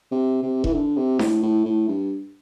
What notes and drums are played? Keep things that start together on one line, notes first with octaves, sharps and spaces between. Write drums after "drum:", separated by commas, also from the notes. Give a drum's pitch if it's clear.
C3
C3
E3, drum: kick E1
D3
C3
A2, drum: snare D4
A2
A2
G2